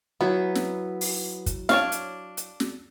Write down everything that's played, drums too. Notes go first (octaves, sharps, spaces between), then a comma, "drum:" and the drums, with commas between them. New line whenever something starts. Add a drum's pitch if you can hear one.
F#3 B3 E4
drum: snare
drum: open hi-hat
drum: kick, hi-hat
D4 C#5 F5, drum: snare
drum: hi-hat
drum: hi-hat
drum: snare